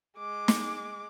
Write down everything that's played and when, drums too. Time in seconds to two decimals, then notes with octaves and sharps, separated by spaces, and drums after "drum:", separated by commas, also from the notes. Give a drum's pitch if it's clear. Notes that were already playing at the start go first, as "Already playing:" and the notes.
0.18 G#3 D6
0.48 drum: snare